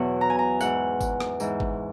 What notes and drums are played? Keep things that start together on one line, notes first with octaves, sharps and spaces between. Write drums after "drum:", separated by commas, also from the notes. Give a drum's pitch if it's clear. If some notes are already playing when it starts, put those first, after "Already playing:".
Already playing: E2 B2 F#3 F#5
A#5
G#5
A#5
G#2 E3 F#5, drum: tambourine
drum: kick, tambourine
drum: rim click
G#2 E3, drum: tambourine
drum: kick